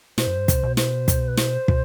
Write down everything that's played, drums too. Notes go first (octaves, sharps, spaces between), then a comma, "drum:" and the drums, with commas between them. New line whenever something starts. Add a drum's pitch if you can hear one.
B2 C5, drum: snare
F#2
G2
B2, drum: kick, hi-hat
C3
B2
C5, drum: snare
drum: kick, hi-hat
B4
C5, drum: snare
B2, drum: kick